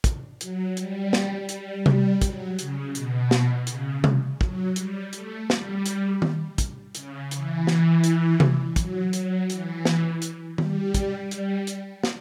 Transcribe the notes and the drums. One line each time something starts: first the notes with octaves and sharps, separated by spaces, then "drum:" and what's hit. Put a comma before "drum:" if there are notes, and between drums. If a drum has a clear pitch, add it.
drum: kick, hi-hat
F#3, drum: hi-hat
G3, drum: hi-hat
drum: snare
G3, drum: hi-hat
G3, drum: tom C3
F#3, drum: kick, hi-hat
C#3, drum: hi-hat
B2, drum: hi-hat
drum: snare
C#3, drum: hi-hat
drum: tom C3
F#3, drum: kick
G3, drum: hi-hat
A3, drum: hi-hat
G3, drum: snare
drum: hi-hat
drum: tom D#3
drum: kick, hi-hat
C#3, drum: hi-hat
E3, drum: hi-hat
drum: snare
drum: hi-hat
drum: tom C3
F#3, drum: kick, hi-hat
F#3, drum: hi-hat
E3, drum: hi-hat
drum: snare
drum: hi-hat
G3, drum: tom D#3
drum: kick, hi-hat
G3, drum: hi-hat
drum: hi-hat
drum: snare